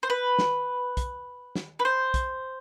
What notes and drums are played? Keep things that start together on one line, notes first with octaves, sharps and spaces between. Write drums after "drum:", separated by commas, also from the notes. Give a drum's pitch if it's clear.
C5
B4
drum: snare
drum: kick, hi-hat
drum: snare
B4
C5
drum: kick, hi-hat